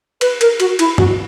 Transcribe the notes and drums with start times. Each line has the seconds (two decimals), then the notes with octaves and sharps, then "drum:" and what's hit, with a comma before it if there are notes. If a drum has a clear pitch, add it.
0.21 B4, drum: cymbal
0.41 A#4, drum: cymbal
0.60 F#4, drum: cymbal
0.79 E4, drum: cymbal
0.98 F#4, drum: tom G2